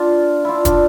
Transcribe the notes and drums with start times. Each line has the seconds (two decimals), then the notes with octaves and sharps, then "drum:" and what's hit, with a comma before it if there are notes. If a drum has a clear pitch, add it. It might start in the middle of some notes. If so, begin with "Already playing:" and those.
Already playing: D4 F4
0.45 D4 E4 F4
0.65 D4 F4, drum: kick, hi-hat